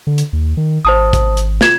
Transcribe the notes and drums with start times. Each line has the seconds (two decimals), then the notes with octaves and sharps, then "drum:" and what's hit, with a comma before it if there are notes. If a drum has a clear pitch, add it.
0.07 D3
0.18 drum: hi-hat
0.33 D#2
0.57 D#3
0.85 G#1 C5 A5 D#6
1.13 drum: kick, hi-hat
1.37 drum: hi-hat
1.61 F4 G#6 E7, drum: snare